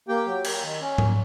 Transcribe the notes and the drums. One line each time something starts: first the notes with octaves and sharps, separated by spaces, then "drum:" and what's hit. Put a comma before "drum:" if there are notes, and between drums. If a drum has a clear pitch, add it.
A#3 G4 G5
F#3
A#3, drum: cymbal
D#3
C#4
A#3, drum: tom G#2